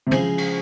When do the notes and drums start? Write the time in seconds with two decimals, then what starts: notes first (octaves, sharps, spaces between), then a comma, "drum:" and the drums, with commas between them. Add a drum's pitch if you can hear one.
0.07 C3
0.11 C#3 F3 G#3 E4 G#4 C5, drum: tom
0.38 drum: cymbal